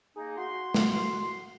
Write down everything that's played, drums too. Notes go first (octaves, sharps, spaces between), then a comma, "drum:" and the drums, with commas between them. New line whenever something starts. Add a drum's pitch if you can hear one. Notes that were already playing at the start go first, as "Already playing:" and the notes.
A#3 D#4 G#4
F#4 C6
drum: snare